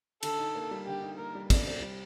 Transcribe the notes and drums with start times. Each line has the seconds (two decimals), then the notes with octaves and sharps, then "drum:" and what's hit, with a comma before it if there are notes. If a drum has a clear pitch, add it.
0.23 D3 A4, drum: cymbal
0.38 D#4
0.55 A#3
0.71 G3
0.87 D3 G4
1.02 D#4
1.18 A#3 A#4
1.35 G3
1.50 C2 D5, drum: kick, cymbal
1.67 C4
1.82 G3